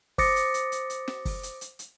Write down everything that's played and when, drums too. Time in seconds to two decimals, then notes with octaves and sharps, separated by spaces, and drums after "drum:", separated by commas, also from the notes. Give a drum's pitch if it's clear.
0.18 C5 D6 D#6 A6 A#6 C#7, drum: kick, open hi-hat
0.36 drum: hi-hat
0.54 drum: hi-hat
0.72 drum: hi-hat
0.90 drum: hi-hat
1.08 drum: snare
1.25 drum: kick, open hi-hat
1.43 drum: hi-hat
1.61 drum: hi-hat
1.79 drum: hi-hat